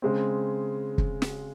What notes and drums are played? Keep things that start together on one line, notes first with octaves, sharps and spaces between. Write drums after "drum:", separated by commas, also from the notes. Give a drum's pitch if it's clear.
C#3 G#3 C4
drum: kick
drum: snare